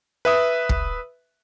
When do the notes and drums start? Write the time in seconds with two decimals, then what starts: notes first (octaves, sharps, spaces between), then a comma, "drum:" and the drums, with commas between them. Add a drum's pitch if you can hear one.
0.25 B4 E5 D#6
0.69 drum: kick